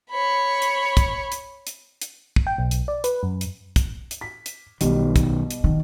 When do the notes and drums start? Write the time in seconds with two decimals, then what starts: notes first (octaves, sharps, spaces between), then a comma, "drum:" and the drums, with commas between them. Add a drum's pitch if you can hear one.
0.10 C#5 B5
0.62 drum: hi-hat
0.97 drum: kick, hi-hat
1.32 drum: hi-hat
1.67 drum: hi-hat
2.01 drum: hi-hat
2.36 drum: kick
2.47 G5
2.58 B1
2.71 drum: hi-hat
2.88 D5
3.04 B4, drum: hi-hat
3.23 F#2
3.41 drum: hi-hat
3.76 drum: kick, hi-hat
4.11 drum: hi-hat
4.21 B6
4.46 drum: hi-hat
4.81 B1 B2 D#3 G3, drum: hi-hat
5.16 drum: kick, hi-hat
5.51 drum: hi-hat
5.64 D#3